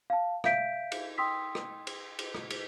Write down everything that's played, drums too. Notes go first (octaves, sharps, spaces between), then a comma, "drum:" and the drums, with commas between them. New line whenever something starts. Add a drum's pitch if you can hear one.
F5 A5
E5 F5 G6 B6 D7, drum: rim click
drum: cymbal
G5 C6 D#6 E6 B6
drum: rim click
drum: cymbal
drum: cymbal
drum: rim click
drum: cymbal